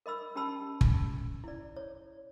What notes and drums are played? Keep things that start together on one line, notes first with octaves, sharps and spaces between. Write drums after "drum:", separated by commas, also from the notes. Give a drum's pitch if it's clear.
A#4 D#5 B5 E6
C#4 G4 A5 B5 E6
drum: kick
E4 D5
C#5